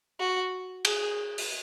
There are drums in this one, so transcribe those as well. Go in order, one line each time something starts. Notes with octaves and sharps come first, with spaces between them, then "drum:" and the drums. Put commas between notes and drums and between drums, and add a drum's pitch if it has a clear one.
F#4
G#4, drum: cymbal
drum: open hi-hat